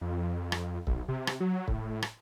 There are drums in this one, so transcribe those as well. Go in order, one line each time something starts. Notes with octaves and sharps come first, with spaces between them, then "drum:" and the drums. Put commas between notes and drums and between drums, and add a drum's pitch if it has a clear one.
F2
drum: rim click
B1, drum: kick
C3
drum: rim click
F#3
A2, drum: kick
drum: rim click